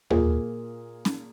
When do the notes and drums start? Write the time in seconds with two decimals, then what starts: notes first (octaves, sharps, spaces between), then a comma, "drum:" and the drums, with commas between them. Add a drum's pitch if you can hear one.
0.10 A#2 A#3 F4 G#4, drum: tom D#2
1.05 drum: snare C#4